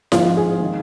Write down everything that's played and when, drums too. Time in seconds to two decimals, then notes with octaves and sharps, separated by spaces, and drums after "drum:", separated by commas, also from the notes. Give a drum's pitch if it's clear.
0.12 A#1 G#2 F3 C4 F4, drum: snare E4
0.37 G#4
0.60 D#3 G#3